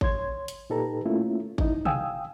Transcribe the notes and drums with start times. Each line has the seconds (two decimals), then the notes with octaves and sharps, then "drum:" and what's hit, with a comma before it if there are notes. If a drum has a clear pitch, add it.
0.01 C#5 C6 G#6, drum: kick G#1
0.48 drum: hi-hat
0.70 A#2 D#4 G4 A4 B4 A#5
1.05 A3 A#3 C#4 E4 F4
1.58 D#4 E4, drum: kick G#1
1.85 F5 G5 G#5 D#6 E6, drum: tom B2